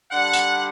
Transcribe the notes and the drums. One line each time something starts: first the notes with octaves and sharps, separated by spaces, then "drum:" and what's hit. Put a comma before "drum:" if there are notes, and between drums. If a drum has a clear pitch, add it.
D3 G3 D4 F#5
drum: tambourine